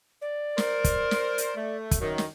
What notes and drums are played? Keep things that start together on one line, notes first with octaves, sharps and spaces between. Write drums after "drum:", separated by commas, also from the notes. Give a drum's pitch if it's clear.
D5
A#4 C5, drum: snare
drum: kick, hi-hat
drum: snare
drum: hi-hat
A3
drum: kick, hi-hat
F#2 D#3
drum: snare